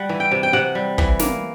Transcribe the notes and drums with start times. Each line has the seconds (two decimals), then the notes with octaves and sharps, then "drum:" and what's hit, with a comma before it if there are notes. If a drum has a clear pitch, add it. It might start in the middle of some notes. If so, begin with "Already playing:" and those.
Already playing: G3 F#5
0.09 E3
0.20 G5
0.31 C3
0.43 G5
0.53 C3 F#5
0.75 G3
0.98 E3, drum: kick
1.19 A#3, drum: snare